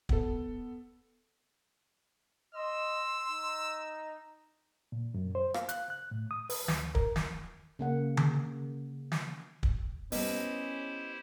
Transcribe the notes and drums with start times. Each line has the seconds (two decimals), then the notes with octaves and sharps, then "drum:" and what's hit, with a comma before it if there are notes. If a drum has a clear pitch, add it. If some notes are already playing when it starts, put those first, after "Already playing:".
0.09 B3 A4, drum: kick
2.55 D#5 C6 E6
3.29 D#4
4.92 A#2
5.14 F#2
5.35 C5
5.54 F5, drum: rim click
5.69 F#6, drum: hi-hat
5.90 F#6
6.11 A2
6.31 D#6
6.50 B4, drum: open hi-hat
6.68 D2, drum: snare
6.95 A#4, drum: kick
7.16 drum: snare
7.79 C#3 A#3 F#5
8.17 drum: tom D3
9.12 drum: snare
9.63 drum: kick
10.12 G3 B3 C#4 E4 G4 C5 D#5, drum: open hi-hat